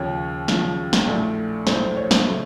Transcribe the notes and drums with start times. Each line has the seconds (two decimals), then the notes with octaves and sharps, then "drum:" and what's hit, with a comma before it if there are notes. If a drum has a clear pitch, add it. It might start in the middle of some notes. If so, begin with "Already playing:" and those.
Already playing: D#2 C#3 F3 C#5
0.48 D#2 C#3 F3, drum: snare
0.93 drum: snare
1.07 A#1 A2 A3
1.67 A#1 A2 A3 C5, drum: snare
1.97 C#5
2.11 drum: snare
2.28 C#3 A3